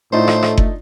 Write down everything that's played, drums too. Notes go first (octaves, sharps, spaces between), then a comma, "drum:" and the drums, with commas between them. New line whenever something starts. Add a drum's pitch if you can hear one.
A2 A3 D4 D#4 F4 C5
drum: rim click
drum: rim click
drum: kick F#1